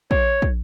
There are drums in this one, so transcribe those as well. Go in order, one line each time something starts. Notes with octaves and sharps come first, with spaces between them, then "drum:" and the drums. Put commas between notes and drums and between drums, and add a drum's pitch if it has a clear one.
C#5, drum: kick
drum: kick